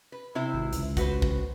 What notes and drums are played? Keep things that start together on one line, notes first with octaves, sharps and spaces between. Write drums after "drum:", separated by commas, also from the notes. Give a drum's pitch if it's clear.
B4
C3 E4 C5
G#1
C#2, drum: hi-hat
F#4 B4 C5, drum: kick, hi-hat
drum: kick